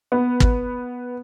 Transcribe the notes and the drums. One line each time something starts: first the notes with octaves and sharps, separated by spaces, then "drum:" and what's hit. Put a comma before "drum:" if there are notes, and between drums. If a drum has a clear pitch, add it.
B3
drum: kick